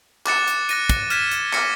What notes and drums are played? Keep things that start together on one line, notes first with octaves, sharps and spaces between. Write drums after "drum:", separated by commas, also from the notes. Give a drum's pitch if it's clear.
D6 F#6 A6 C#7 E7, drum: clap
drum: hi-hat
F#6 A#6 D#7, drum: hi-hat
drum: kick, hi-hat
F6 G#6 B6 E7, drum: hi-hat
drum: hi-hat
D6 F6 A#6 C#7, drum: clap